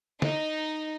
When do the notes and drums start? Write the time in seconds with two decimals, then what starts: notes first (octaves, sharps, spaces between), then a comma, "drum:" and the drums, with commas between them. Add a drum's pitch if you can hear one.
0.22 D#4, drum: snare